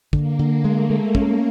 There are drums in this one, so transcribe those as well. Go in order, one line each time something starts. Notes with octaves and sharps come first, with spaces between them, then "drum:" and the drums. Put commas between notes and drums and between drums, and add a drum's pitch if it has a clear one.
D3 A#3, drum: kick
D3
G#3 A3
G#3
A#3 C#4, drum: kick